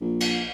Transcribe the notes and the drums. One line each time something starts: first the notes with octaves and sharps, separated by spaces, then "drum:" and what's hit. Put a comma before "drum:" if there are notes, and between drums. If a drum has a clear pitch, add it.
A#1
drum: cymbal